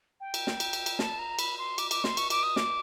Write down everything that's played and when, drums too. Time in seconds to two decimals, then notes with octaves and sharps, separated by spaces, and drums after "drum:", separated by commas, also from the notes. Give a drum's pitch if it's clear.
0.20 G5
0.34 drum: cymbal
0.47 drum: snare
0.60 drum: cymbal
0.73 drum: cymbal
0.86 drum: cymbal
0.99 A5, drum: snare
1.19 A#5
1.39 B5, drum: cymbal
1.58 C6
1.78 D6, drum: cymbal
1.91 D6, drum: cymbal
2.04 C6, drum: snare
2.17 C#6, drum: cymbal
2.30 D6, drum: cymbal
2.43 D#6
2.56 D6, drum: snare